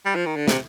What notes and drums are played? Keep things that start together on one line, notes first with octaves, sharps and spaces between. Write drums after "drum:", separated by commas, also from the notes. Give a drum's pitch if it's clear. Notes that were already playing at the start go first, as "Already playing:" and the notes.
G3
F3
D#3
D3
C3, drum: snare